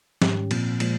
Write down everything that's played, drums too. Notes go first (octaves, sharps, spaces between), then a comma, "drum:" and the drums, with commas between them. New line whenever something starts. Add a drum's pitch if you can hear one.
G#2 D#3 G3 C#4 G4, drum: snare
A#2 F3 C4, drum: cymbal
A#2 F3 G#3, drum: cymbal